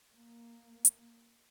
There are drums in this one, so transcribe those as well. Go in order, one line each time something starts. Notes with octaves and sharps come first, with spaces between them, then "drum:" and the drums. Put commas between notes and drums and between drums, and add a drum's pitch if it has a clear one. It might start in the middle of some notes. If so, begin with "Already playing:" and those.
A#3
drum: hi-hat